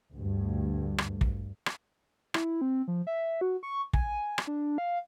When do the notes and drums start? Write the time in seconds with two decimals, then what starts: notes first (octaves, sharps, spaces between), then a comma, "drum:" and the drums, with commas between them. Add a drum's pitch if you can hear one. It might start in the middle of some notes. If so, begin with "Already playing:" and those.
0.13 D2 G2
0.98 drum: rim click
1.21 drum: kick
1.66 drum: rim click
2.34 E4, drum: rim click
2.61 C4
2.88 F3
3.07 E5
3.41 F#4
3.63 C#6
3.93 G#5, drum: kick
4.38 drum: rim click
4.47 D4
4.78 F5